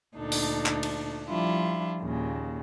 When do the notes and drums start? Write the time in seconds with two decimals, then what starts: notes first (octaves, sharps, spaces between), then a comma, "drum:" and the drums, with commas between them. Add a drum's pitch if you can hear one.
0.17 D2 A#2 D4 D#4 A4
0.32 drum: open hi-hat
0.66 drum: clap
0.83 drum: cymbal
1.29 F3 G3 D4 E4 F4
2.01 D#2 A#2 C#3